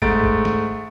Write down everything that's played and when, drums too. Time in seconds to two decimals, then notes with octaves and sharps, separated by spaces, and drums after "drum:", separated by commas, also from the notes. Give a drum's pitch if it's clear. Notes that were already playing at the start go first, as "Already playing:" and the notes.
0.02 G#2 A3 A6 D7, drum: kick
0.23 drum: kick
0.45 drum: snare